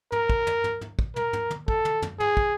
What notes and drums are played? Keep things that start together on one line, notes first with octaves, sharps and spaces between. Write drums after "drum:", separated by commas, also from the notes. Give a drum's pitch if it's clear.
A#4, drum: tom
drum: kick
drum: tom
drum: tom
drum: tom
drum: kick
A#4, drum: tom
drum: tom
drum: tom
A4, drum: kick
drum: tom
drum: tom
G#4, drum: tom
drum: kick